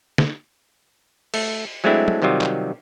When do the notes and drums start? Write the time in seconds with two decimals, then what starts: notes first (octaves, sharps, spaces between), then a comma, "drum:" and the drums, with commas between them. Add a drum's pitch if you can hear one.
0.18 drum: snare
1.34 A3, drum: cymbal
1.84 F#3 G#3 A3 C4 D4 E4
2.08 drum: tom F#3
2.22 C3 D#3 F#3 G3 F4
2.41 drum: clap